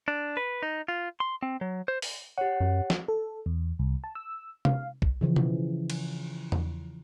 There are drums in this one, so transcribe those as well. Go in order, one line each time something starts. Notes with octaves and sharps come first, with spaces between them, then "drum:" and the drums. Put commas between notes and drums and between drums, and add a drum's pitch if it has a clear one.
D4
B4
D#4
F4
C6
C4
F#3
C5
drum: open hi-hat
G4 C#5 F#5
F#2
drum: snare
A4
E2
C2
A5
E6
F5, drum: tom C3
drum: kick
C#3 E3 F3
drum: tom B2
drum: cymbal
drum: tom E2